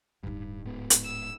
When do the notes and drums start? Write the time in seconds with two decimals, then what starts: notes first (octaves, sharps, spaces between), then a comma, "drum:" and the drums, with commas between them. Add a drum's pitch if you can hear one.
0.23 D1 G2 D#4
0.65 G#2 B3
0.90 drum: hi-hat
1.03 E6